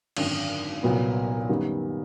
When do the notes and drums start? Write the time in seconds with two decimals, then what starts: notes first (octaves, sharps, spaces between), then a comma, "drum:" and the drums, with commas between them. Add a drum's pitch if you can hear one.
0.17 G#1 F#2 D3, drum: cymbal
0.83 C2 A#2 F#3 B3
1.49 F#2 D#3 G3 B3